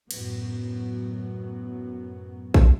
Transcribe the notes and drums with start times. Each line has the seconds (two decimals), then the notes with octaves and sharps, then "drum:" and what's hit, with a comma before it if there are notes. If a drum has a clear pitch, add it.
0.11 F#2 A2 F#3 B3, drum: cymbal
2.54 drum: kick A#1